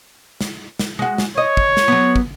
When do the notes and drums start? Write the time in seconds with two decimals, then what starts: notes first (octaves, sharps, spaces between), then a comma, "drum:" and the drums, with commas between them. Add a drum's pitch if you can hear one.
0.41 drum: snare
0.79 drum: snare
0.99 G#3 F#4
1.18 drum: snare
1.37 C#5 D#5
1.57 drum: kick
1.77 drum: snare
1.88 F#3 B3
2.16 drum: kick